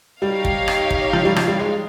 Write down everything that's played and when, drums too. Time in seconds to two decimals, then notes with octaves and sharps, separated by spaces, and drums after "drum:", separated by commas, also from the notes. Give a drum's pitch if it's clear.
0.22 G3 D#4 G4 C#5 F5
0.45 drum: kick
0.68 drum: rim click
0.90 drum: kick
1.13 F3
1.25 G3
1.36 F3, drum: rim click
1.48 G3
1.59 G#3